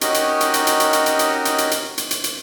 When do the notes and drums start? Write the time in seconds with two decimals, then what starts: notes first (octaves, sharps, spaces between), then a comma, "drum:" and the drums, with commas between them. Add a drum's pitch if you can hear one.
0.01 C#4 D#4 F#4 G4 A#4 D#5, drum: hi-hat
0.14 drum: hi-hat
0.41 drum: hi-hat
0.54 drum: hi-hat
0.67 drum: hi-hat
0.80 drum: hi-hat
0.93 drum: hi-hat
1.06 drum: hi-hat
1.19 drum: hi-hat
1.45 drum: hi-hat
1.58 drum: hi-hat
1.71 drum: hi-hat
1.98 drum: hi-hat
2.11 drum: hi-hat
2.24 drum: hi-hat